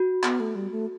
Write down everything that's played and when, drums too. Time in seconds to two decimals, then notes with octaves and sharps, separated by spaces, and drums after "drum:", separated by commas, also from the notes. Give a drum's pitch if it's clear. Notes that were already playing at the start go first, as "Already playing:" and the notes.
Already playing: F#4
0.23 B3, drum: clap
0.40 A3
0.55 G3
0.71 A3